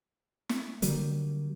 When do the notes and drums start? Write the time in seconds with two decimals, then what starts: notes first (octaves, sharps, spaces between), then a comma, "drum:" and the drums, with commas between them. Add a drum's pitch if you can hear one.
0.49 drum: snare
0.82 D3 F#3 G3 A#3, drum: hi-hat